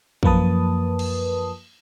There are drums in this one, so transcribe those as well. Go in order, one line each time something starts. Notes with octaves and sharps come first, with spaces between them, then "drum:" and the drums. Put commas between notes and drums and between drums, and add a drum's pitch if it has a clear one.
F#2 F3 A#3 B4 A5 D#6, drum: kick
drum: cymbal